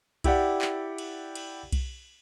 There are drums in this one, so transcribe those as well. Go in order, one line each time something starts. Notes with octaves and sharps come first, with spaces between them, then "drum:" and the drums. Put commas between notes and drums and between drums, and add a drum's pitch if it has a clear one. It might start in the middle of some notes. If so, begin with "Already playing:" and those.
E4 G4 D5 F#5, drum: kick B1, cymbal
drum: clap
drum: cymbal
drum: cymbal
drum: kick B1, cymbal